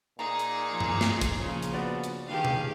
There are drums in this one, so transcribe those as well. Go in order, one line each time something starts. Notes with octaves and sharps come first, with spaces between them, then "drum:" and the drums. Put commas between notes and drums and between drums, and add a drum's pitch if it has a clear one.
A#2 D#4 G#4 A#5
drum: hi-hat
F3
drum: tom G2
drum: snare
drum: kick, hi-hat
C#3 F3 A#3
drum: hi-hat
B3 D4 F#4 D5
drum: hi-hat
G2 D#3 G4 G#4 F5
drum: tom B2